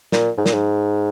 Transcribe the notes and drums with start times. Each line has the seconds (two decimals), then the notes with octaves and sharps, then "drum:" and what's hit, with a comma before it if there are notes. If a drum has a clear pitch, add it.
0.12 A#2, drum: snare
0.37 G#2
0.46 A#2, drum: snare
0.54 G#2